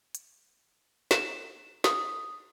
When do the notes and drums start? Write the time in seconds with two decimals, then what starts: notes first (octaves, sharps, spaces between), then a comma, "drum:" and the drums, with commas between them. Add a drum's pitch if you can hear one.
0.15 drum: hi-hat
1.11 E7, drum: snare
1.84 D#6, drum: snare